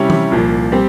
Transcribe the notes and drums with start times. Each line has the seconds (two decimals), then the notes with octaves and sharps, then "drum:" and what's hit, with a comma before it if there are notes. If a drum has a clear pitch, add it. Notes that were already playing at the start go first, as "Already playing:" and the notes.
Already playing: C3 G3 C#4 E4
0.10 drum: tom E3
0.31 C2 A#2 F3
0.72 G3 C4 G4